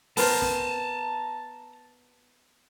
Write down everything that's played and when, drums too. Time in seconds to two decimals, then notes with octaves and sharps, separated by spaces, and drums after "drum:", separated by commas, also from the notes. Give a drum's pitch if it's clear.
0.17 B3 A#4 C5 A5 A#5, drum: open hi-hat
0.42 drum: snare